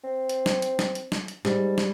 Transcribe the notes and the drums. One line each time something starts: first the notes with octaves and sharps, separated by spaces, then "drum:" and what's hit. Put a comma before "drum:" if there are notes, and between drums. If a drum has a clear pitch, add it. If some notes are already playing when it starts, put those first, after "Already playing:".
C4
drum: hi-hat
drum: snare
drum: hi-hat
drum: snare
drum: hi-hat
drum: snare
drum: hi-hat
G#2 G3, drum: snare
drum: snare